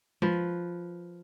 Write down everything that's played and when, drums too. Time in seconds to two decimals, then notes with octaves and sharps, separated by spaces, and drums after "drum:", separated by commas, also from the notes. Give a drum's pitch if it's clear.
0.22 F3 B4, drum: tom G#3